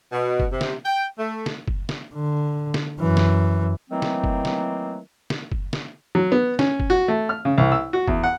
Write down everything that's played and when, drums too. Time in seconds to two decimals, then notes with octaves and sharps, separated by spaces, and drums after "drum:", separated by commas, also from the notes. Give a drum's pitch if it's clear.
0.12 B2
0.40 drum: kick F#1
0.52 C3
0.61 drum: snare
0.85 G5
1.19 A3
1.46 drum: snare
1.68 drum: kick F#1
1.89 drum: snare
2.14 D3
2.74 drum: snare
3.00 F#2 E3
3.17 drum: snare
3.90 D#3 E3 F#3 A3 A#3 C4
4.02 drum: snare
4.24 drum: kick F#1
4.45 drum: snare
5.30 drum: snare
5.52 drum: kick F#1
5.73 drum: snare
6.15 F#3
6.32 B3
6.59 C#4, drum: snare
6.80 drum: kick F#1
6.90 F#4
7.08 A3
7.29 F6
7.45 C#3
7.58 C2
7.72 E6
7.93 F#4
8.08 E2, drum: kick F#1
8.23 F#5